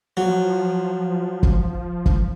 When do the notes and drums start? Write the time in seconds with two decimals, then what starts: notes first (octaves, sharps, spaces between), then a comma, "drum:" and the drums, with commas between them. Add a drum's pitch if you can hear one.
0.17 F3 F#3
1.43 drum: kick
2.06 drum: kick